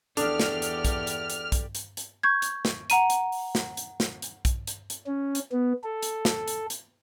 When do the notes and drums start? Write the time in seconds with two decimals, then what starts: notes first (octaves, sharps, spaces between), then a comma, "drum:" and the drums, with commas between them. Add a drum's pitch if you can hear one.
0.17 E2 D4 G4 A4 D5 F6, drum: hi-hat
0.40 drum: snare
0.62 drum: hi-hat
0.85 drum: kick, hi-hat
1.07 drum: hi-hat
1.30 drum: hi-hat
1.52 drum: kick, hi-hat
1.75 drum: hi-hat
1.97 drum: hi-hat
2.23 C#6 G6 G#6
2.42 drum: hi-hat
2.65 drum: snare
2.90 F#5 A#5 D#7, drum: hi-hat
3.10 drum: hi-hat
3.32 drum: open hi-hat
3.55 drum: snare
3.77 drum: hi-hat
4.00 drum: snare
4.22 drum: hi-hat
4.45 drum: kick, hi-hat
4.67 drum: hi-hat
4.90 drum: hi-hat
5.06 C#4
5.35 drum: hi-hat
5.52 B3
5.84 A4
6.02 drum: hi-hat
6.25 drum: snare
6.48 drum: hi-hat
6.70 drum: hi-hat